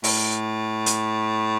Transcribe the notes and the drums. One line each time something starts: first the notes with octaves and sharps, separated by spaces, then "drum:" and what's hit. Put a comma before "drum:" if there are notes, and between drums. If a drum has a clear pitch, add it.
A2, drum: open hi-hat
drum: hi-hat